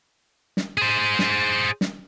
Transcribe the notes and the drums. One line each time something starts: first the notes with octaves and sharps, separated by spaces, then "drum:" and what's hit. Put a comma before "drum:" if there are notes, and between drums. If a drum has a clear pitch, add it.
drum: snare
G#4 C5
drum: snare
drum: snare